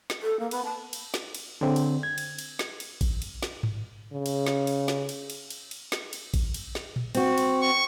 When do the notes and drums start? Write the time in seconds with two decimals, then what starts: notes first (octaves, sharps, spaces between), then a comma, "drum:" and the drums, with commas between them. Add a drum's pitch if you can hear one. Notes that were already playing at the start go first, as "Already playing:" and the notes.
0.10 drum: snare
0.22 A4
0.39 A#3
0.51 B3, drum: cymbal
0.65 A5
0.93 drum: cymbal
1.14 drum: snare
1.35 drum: cymbal
1.61 D3 C4
1.76 drum: cymbal
2.03 G#6
2.18 drum: cymbal
2.39 drum: cymbal
2.59 drum: snare
2.80 drum: cymbal
3.01 drum: kick A1, cymbal
3.22 drum: cymbal
3.43 drum: snare
3.63 drum: tom G#2
4.12 C#3
4.26 drum: cymbal
4.46 drum: snare
4.67 drum: cymbal
4.88 drum: snare
5.09 drum: cymbal
5.30 drum: cymbal
5.50 drum: cymbal
5.71 drum: cymbal
5.92 drum: snare
6.13 drum: cymbal
6.34 drum: kick A1, cymbal
6.54 drum: cymbal
6.75 drum: snare
6.96 drum: tom A#2
7.15 C4 F#4, drum: cymbal
7.38 drum: cymbal
7.62 C#6